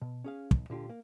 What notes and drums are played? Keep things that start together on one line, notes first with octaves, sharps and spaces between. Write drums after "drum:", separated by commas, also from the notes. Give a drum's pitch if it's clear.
B2
C#4 G#4 F5
B1, drum: kick
A#2 D3 F4 G4
A#3